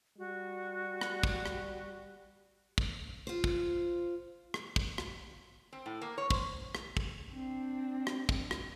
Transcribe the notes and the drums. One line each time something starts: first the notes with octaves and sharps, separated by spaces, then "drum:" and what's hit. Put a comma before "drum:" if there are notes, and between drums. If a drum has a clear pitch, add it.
G3 F#4
drum: rim click
drum: kick
drum: rim click
drum: kick
F4 C5
drum: kick
drum: rim click
drum: kick
drum: rim click
C4
A2
A#3
C#5
C5, drum: kick
drum: rim click
drum: kick
C4 D4
drum: rim click
drum: kick
drum: rim click